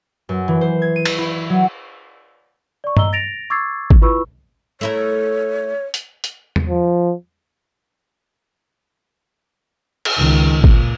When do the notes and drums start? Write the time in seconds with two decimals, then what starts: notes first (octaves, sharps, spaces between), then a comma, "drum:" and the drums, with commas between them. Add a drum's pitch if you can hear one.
0.29 F#2
0.48 E3
0.61 C5
0.82 G#6
0.96 D#7
1.05 drum: cymbal
1.18 E4
1.50 F#3
2.84 D5 C#6
2.97 D#5 A#5 E6 G7, drum: tom G2
3.13 A6 A#6 D7 F7
3.50 C#6 D6 E6 G#6 A6 C7
3.90 drum: kick G#1
4.02 E4 F4 B4 B5 C#6 E6
4.81 A3 E4 A#4 C#5
5.94 drum: hi-hat
6.24 drum: hi-hat
6.56 drum: tom E2
6.69 F3
10.05 drum: cymbal
10.18 C#2 D#3
10.64 A#2, drum: kick G#1